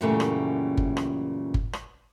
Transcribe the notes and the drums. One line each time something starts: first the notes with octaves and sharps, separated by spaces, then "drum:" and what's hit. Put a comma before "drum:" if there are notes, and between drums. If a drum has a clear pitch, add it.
F#2 A#2 C#3 E3 G3 A3
drum: rim click
drum: kick G1
drum: rim click
drum: kick G1
drum: rim click